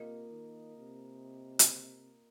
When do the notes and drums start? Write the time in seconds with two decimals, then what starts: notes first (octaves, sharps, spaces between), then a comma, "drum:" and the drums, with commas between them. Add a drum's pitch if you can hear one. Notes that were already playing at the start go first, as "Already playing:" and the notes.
Already playing: C3 A#3 F4 A#4 D#5
0.30 D#3
0.77 C3
1.59 drum: hi-hat